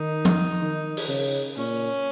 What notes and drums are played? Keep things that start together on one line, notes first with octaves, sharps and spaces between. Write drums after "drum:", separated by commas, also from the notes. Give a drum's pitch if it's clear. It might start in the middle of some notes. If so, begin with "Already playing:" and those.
Already playing: D#3 D#4
drum: tom F3
D#3
drum: open hi-hat
C#3
A#2 C#4